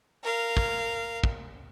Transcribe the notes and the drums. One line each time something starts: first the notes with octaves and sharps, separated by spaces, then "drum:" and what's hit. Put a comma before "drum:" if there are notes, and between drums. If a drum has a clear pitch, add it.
A#4 F5
drum: kick
drum: kick